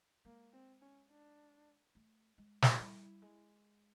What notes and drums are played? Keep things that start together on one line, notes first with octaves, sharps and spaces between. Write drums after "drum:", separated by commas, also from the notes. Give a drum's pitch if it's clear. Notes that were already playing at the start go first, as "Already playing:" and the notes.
G#3 A#3
C4
C#4
D4
A3
G#3
drum: snare
G3 E4
G#3